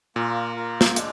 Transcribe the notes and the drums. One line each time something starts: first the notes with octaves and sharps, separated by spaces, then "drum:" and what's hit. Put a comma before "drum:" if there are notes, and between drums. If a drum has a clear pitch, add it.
A#2 A#3 F4 A#4
A#3 F4 A#4
drum: snare
G#3 D4, drum: hi-hat